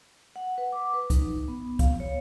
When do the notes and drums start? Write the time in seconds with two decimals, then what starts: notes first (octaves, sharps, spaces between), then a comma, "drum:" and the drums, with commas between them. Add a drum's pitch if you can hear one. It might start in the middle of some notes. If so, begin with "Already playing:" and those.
0.36 F#5
0.58 B4
0.72 D6
0.94 B4
1.10 D#4, drum: kick C2, hi-hat
1.48 B3
1.79 F5, drum: kick C2, hi-hat
2.00 C#5